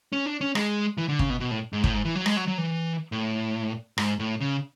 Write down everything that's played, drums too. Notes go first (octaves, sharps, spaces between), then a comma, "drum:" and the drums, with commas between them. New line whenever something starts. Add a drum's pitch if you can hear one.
C#4
D4
C#4
G#3, drum: rim click
E3
D3
C#3, drum: kick
B2
B2
A2
G#2
A2, drum: kick
G#2
E3
F#3
G#3, drum: rim click
F#3
F#3
E3
A2
G#2, drum: rim click
A2
C#3